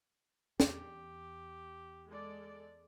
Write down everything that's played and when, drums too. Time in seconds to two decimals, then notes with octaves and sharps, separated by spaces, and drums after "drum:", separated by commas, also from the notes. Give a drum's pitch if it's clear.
0.60 E2 G4, drum: snare
2.07 G#3 A4 D5